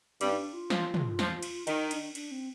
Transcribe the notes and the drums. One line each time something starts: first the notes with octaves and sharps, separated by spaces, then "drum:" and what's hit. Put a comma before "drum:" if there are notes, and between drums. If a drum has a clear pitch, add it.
G2 G3 C4, drum: cymbal
D#4
D4
F4
F3, drum: snare
drum: tom
F3, drum: snare
drum: cymbal
D#3 D#4, drum: cymbal
D4, drum: cymbal
D4, drum: cymbal
C4